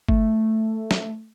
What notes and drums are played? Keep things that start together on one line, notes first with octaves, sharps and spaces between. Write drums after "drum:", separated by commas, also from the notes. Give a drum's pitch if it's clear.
A3, drum: kick G1
drum: snare